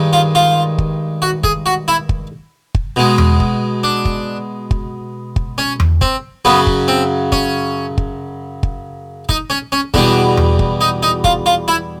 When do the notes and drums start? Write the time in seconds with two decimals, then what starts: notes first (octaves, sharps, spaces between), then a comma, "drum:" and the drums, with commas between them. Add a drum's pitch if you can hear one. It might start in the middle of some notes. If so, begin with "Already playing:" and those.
Already playing: G2 D#3 G#3
0.13 F4
0.35 F4
0.78 drum: kick
1.22 F#4
1.44 G#4, drum: kick
1.66 F#4
1.88 E4
2.09 drum: kick
2.75 drum: kick
2.96 B2 G#3
3.18 drum: tom E2
3.40 drum: kick
3.84 D4
4.05 drum: kick
4.71 drum: kick
5.36 drum: kick
5.58 C#4
5.80 drum: tom E2
6.01 C4, drum: kick
6.45 F#2 C#3 F#3 B3
6.67 drum: kick
6.88 C4
7.32 C#4, drum: kick
7.98 drum: kick
8.63 drum: kick
9.29 D#4, drum: kick
9.50 C#4
9.72 C#4
9.94 E2 B2 G3 D4, drum: kick
10.37 drum: tom E2
10.59 drum: kick
10.81 D#4
11.03 D#4
11.24 F4, drum: kick
11.46 F4
11.68 E4